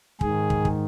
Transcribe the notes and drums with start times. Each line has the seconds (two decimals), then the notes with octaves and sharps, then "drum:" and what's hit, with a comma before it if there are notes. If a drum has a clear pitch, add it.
0.21 G#2 D#3 G#4, drum: kick
0.50 drum: kick
0.65 drum: kick